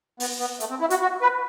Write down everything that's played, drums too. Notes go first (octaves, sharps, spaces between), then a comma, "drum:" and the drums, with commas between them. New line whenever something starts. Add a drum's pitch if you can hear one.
B3, drum: open hi-hat
B3
A3, drum: hi-hat
C4
E4
F#4, drum: hi-hat
F#4
B4